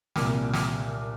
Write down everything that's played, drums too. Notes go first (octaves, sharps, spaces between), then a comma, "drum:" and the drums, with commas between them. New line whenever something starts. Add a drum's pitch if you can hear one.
C2 A#2 D6 F6, drum: snare
D6 F6, drum: snare